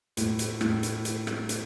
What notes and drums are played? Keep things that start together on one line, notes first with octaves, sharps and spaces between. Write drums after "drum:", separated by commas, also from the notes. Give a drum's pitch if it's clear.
A2, drum: hi-hat
drum: hi-hat
A2, drum: rim click
drum: hi-hat
drum: hi-hat
drum: rim click
drum: hi-hat